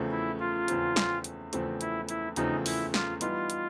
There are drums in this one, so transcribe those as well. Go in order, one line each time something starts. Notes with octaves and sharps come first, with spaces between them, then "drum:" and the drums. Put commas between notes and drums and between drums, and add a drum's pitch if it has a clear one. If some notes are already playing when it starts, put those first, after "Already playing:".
Already playing: E2 C#3 F3 A3 C4
E4
F4
E2 C#3 F3 A3 C4, drum: hi-hat
drum: snare
drum: hi-hat
E2 C#3 F3 A3 C4, drum: hi-hat
E4, drum: hi-hat
E4, drum: hi-hat
E2 C#3 F3 A3 C4 D#4, drum: hi-hat
E4, drum: open hi-hat
F4, drum: snare
E3 G3 B3 D#4 F4, drum: hi-hat
drum: hi-hat